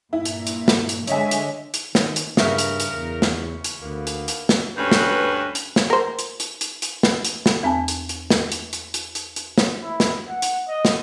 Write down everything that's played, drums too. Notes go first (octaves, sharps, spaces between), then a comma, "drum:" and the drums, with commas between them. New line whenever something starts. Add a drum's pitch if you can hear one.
G2 A#2 E4
drum: hi-hat
drum: hi-hat
drum: snare
drum: hi-hat
D3 G#3 C#5 D#5 E5 G#5, drum: hi-hat
drum: hi-hat
drum: hi-hat
D#3, drum: snare
drum: hi-hat
G2 C#3 A#4 E5, drum: snare
drum: hi-hat
drum: hi-hat
E2
drum: snare
drum: hi-hat
D2 A#3 B3
drum: hi-hat
drum: hi-hat
drum: snare
D2 G2 C#4 B4
drum: snare
drum: hi-hat
drum: snare
A#4 C5
drum: hi-hat
drum: hi-hat
drum: hi-hat
drum: hi-hat
drum: snare
drum: hi-hat
drum: snare
E2 C4 G#5 A5
drum: hi-hat
drum: hi-hat
drum: snare
drum: hi-hat
drum: hi-hat
drum: hi-hat
drum: hi-hat
drum: hi-hat
drum: snare
E4
drum: snare
F#5
drum: hi-hat
D#5
drum: snare